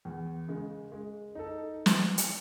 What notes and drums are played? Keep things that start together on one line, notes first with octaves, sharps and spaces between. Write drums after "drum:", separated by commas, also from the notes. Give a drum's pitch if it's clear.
E2
C#3 G#3
G#3
D#4 A4
drum: snare
drum: hi-hat